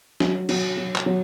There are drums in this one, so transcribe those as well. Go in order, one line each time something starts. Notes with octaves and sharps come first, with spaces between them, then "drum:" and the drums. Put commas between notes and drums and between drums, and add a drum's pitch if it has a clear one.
F#3, drum: snare
F#3, drum: cymbal
F#3
drum: clap
F#3